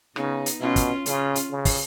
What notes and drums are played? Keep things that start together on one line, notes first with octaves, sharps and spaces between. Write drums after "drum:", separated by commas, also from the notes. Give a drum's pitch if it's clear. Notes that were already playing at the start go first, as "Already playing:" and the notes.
C#3 B3 D#4, drum: rim click
drum: hi-hat
B2 C#4 F4
drum: kick, hi-hat
C#3 C#4 F4, drum: hi-hat
drum: hi-hat
C#3
drum: kick, open hi-hat